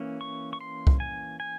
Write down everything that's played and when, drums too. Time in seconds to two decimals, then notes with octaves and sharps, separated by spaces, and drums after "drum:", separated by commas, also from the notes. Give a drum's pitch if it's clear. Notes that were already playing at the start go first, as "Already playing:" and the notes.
Already playing: E3 A#3 C#4
0.21 C#6
0.53 C#6
0.61 C6
0.87 drum: kick
1.00 G#5
1.40 G#5